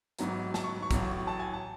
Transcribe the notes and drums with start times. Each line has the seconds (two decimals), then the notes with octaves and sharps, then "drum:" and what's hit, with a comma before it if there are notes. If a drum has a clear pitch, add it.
0.19 A1 G#2 F#3 B3, drum: hi-hat
0.54 A5, drum: snare
0.64 C#6
0.82 C#6
0.91 A1 A2 F#3, drum: kick, hi-hat
1.27 A5
1.39 G#5
1.53 A5